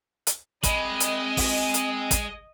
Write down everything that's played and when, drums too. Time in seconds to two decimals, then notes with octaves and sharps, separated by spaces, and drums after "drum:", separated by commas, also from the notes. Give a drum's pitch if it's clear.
0.27 drum: hi-hat
0.63 G#3 C4 D#5 B5, drum: kick, hi-hat
1.00 drum: hi-hat
1.37 drum: kick, open hi-hat
1.74 drum: hi-hat
2.11 drum: kick, hi-hat